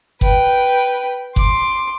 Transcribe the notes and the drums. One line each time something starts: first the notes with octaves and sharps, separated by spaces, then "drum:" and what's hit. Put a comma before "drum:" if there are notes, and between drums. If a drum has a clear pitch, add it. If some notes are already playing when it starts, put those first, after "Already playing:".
B4 G5, drum: kick F#1
C6 D6, drum: kick F#1